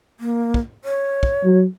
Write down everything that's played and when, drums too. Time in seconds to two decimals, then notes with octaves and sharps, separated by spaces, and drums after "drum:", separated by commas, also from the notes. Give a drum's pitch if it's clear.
0.20 A#3
0.54 drum: kick
0.85 C#5
1.23 drum: kick
1.44 F#3